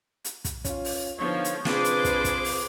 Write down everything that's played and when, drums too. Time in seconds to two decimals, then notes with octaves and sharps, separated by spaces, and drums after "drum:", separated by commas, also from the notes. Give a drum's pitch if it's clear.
0.25 drum: hi-hat
0.45 drum: kick, hi-hat
0.65 C#4 F4, drum: kick, hi-hat
0.85 drum: open hi-hat
1.19 D3 F3 B3 D#4 C#5
1.44 drum: hi-hat
1.65 C3 C4 D4 F4 G#4 B4 C5 D6, drum: snare
1.84 drum: hi-hat
2.04 drum: kick, hi-hat
2.24 drum: kick, hi-hat
2.44 drum: open hi-hat